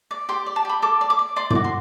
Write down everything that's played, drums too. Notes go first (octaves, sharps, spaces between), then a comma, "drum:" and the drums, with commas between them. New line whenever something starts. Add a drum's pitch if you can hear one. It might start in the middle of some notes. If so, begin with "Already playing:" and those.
D5
G4 C6
D5
A5
G4 B5
A4 D6
D5
D6
D5
D5 C6
D6, drum: tom
F#4
C6